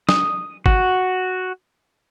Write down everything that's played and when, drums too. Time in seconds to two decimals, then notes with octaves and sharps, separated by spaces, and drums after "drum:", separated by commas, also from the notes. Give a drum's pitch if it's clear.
0.09 D#6, drum: snare
0.66 F#4, drum: kick G1